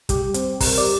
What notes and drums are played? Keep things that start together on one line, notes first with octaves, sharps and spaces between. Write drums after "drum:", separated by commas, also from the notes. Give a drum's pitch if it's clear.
G3 G4, drum: kick, hi-hat
C4, drum: hi-hat
G3 A#4, drum: kick, open hi-hat
D5